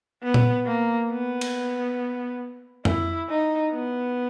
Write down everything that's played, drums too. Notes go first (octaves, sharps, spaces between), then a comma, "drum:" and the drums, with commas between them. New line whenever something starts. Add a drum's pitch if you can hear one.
B3
drum: tom A#2
A#3
B3
drum: cymbal
E4, drum: tom F2
D#4
B3